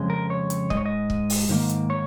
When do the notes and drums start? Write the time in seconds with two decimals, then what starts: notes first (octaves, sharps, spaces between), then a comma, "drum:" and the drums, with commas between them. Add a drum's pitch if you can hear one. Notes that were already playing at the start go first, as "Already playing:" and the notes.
Already playing: F2 C#3 G#3
0.10 A#4
0.30 C#5
0.50 drum: hi-hat
0.70 G#2 G#3 D#5, drum: kick
0.77 C#5
0.86 D#5
1.10 drum: kick
1.30 drum: open hi-hat
1.49 G#2 D#3 A#3
1.69 drum: hi-hat
1.90 C#5